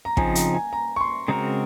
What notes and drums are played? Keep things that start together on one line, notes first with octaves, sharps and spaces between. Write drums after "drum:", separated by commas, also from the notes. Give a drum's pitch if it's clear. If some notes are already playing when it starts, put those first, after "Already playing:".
A#5
C#3 F3 C4 D#4 G#5, drum: kick
A#5, drum: hi-hat
G#5
A#5
C#6
C6
C#3 G#3 C4 F#4 A#4 A#5